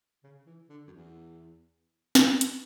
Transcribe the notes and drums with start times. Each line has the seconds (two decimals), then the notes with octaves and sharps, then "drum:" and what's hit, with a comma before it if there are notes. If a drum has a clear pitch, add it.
0.24 C#3
0.46 E3
0.70 D3
0.88 F#2
0.92 E2
2.15 drum: snare
2.41 drum: hi-hat